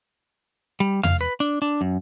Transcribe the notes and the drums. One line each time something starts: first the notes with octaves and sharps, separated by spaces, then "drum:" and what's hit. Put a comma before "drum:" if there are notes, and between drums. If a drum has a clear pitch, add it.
G3
F5, drum: tom
B4
D4
D4
F#2